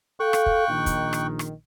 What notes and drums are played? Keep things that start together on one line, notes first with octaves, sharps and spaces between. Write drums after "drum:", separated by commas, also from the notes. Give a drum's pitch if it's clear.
A4 F5 G5 C#6 F#6
drum: rim click
drum: kick
A#1 D#3
drum: kick, hi-hat
drum: rim click
drum: rim click